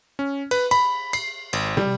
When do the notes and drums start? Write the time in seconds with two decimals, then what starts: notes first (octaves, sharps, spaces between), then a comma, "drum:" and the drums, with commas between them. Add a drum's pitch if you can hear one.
0.19 C#4
0.51 B4, drum: cymbal
0.71 B5, drum: cymbal
1.13 C7, drum: cymbal
1.53 G#1, drum: cymbal
1.77 G3, drum: tom